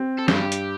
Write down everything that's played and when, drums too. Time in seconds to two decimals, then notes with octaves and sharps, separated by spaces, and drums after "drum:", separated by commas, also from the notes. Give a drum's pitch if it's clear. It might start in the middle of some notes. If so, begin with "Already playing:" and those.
Already playing: C4
0.18 A4
0.28 G2 G4, drum: snare
0.52 drum: hi-hat